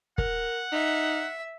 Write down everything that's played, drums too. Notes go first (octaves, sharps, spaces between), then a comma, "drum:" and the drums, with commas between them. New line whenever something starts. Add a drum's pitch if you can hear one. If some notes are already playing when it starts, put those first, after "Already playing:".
A#4 F#5, drum: kick
D#4 E5